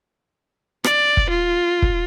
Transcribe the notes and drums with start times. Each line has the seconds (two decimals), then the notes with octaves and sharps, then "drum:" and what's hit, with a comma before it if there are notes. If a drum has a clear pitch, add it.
0.84 D5, drum: rim click
1.17 drum: kick
1.29 F4
1.82 drum: kick